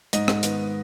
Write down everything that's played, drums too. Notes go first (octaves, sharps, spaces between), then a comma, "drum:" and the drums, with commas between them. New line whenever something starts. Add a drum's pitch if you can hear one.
G#2 D#5, drum: hi-hat
drum: rim click
D#3 B3, drum: hi-hat